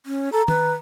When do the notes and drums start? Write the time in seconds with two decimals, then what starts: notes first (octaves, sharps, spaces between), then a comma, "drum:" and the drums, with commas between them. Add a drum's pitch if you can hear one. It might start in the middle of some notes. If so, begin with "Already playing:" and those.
0.06 C#4
0.32 A4 A#5
0.48 B4, drum: tom D#3